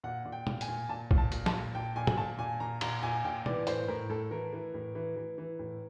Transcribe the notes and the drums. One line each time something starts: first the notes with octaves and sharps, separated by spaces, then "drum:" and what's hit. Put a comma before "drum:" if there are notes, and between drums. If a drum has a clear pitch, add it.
A#2 F#5
A#2
G5
A#2, drum: tom
G#5, drum: hi-hat
A#2
A#2 A5
A#2, drum: kick
A5
A#2, drum: hi-hat
A5, drum: snare
A#2
A#2 G5
A#2 G#5
drum: tom
A#2 A5
A#2 G#5
A#2 A#5
A#2 A#5, drum: cymbal
A#2 G#5
A#2 G5
E3 D5, drum: tom
A2 C5, drum: hi-hat
A2 A#4
A2 A4
E3 A#4
E3
A2
E3
E3
E3
A2